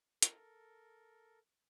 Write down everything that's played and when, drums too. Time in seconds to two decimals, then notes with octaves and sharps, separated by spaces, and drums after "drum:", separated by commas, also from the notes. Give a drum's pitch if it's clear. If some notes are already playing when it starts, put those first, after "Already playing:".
0.22 A4 A#4, drum: hi-hat